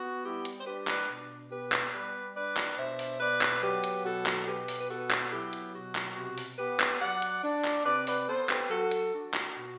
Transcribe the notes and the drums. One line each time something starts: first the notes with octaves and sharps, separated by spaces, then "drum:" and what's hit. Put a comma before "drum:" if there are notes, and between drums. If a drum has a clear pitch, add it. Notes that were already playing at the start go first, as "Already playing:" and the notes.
Already playing: B3 F#4
G3 E4 G4
drum: hi-hat
C5
D4 G4 B4
B4 D5, drum: clap
B2
B3 G4 B4
drum: clap
G3 B4 D5
D4 B4 D5
drum: clap
B2 C5 E5
drum: open hi-hat
B3 B4 D5
drum: clap
F#3 G4 B4
drum: hi-hat
B2 F#4 A4
drum: clap
B2 G4 B4
drum: open hi-hat
B4
B3 F#4 A4
drum: clap
F#3 E4 G4
drum: hi-hat
B2 F#4
drum: clap
C3 F#4
drum: open hi-hat
B3 G4 B4
drum: clap
F#3 D5 F#5
drum: hi-hat
D4
drum: clap
C3 B4 D5
B4 D5, drum: open hi-hat
B3 A4 C5
G4 B4, drum: clap
F#3 F#4 A4
drum: hi-hat
D4 F#4
drum: clap
B2